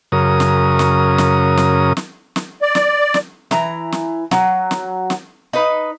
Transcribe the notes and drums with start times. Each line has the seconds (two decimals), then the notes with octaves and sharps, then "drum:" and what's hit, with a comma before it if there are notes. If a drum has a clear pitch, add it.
0.12 F#2 C#3 A#4 D#6
0.40 drum: snare
0.79 drum: snare
1.18 drum: snare
1.57 drum: snare
1.97 drum: snare
2.36 drum: snare
2.62 D5
2.75 drum: snare
3.14 drum: snare
3.51 E3 A#5, drum: snare
3.92 drum: snare
4.31 F#3, drum: snare
4.71 drum: snare
5.10 drum: snare
5.53 D#4 B4